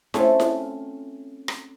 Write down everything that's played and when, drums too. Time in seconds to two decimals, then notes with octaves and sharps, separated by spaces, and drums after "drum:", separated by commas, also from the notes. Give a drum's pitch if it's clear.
0.14 A3 C4 C#4 E4 F4 A4, drum: snare E4
0.40 drum: snare E4
1.48 drum: rim click